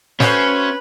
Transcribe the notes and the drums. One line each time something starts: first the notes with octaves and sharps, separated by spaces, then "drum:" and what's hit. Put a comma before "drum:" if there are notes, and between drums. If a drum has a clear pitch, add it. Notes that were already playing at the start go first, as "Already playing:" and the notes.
A3 C#4 F#4 B4 C5, drum: snare